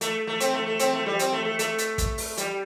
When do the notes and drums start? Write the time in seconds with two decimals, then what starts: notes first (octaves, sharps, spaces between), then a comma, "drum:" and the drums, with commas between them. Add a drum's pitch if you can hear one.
0.01 A3, drum: hi-hat
0.27 A3
0.40 C4, drum: hi-hat
0.53 A3
0.66 A3
0.79 C4, drum: hi-hat
0.93 A3
1.06 G3
1.19 C4, drum: hi-hat
1.32 A3
1.45 A3
1.59 A3, drum: hi-hat
1.78 drum: hi-hat
1.98 drum: kick, hi-hat
2.18 drum: open hi-hat
2.37 G3, drum: hi-hat